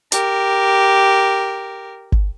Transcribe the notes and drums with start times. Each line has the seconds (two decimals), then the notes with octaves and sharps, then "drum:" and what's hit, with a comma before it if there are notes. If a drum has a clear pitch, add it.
0.12 G4 A#4, drum: hi-hat
2.12 drum: kick G1